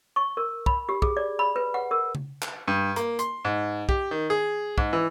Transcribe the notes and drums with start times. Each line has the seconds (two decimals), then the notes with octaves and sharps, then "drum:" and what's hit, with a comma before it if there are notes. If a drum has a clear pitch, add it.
0.16 C#6
0.37 A#4
0.66 B5, drum: kick
0.89 G4
1.02 G#4, drum: kick
1.17 D5
1.39 B5
1.56 B4
1.74 F#5
1.91 A#4
2.15 drum: tom C#3
2.42 drum: clap
2.68 G2
2.96 A#3, drum: hi-hat
3.19 C6, drum: hi-hat
3.45 G#2
3.89 G4, drum: kick
4.11 D#3
4.30 G#4
4.78 G#2, drum: kick
4.93 E3